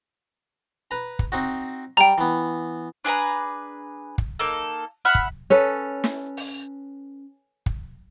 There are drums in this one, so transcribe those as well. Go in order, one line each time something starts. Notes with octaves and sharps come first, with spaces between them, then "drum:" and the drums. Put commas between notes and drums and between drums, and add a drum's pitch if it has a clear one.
B4 A#5
drum: kick
C4 D#4 F#4
G3 G5 A#5
E3 B3
D4 G#4 B4 A#5
drum: kick
A#3 D#4 A4
E5 F#5 B5 F6
drum: kick
C#4 A4 B4
drum: snare
drum: open hi-hat
drum: kick